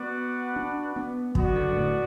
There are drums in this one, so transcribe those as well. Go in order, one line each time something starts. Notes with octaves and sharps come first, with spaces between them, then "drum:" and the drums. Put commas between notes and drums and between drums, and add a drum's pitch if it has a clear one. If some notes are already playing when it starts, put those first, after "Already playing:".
Already playing: B3 F#4 B4 D5 F#5
D4
B3
F#3 B3 F#4 D5, drum: kick
D3
F#2
A2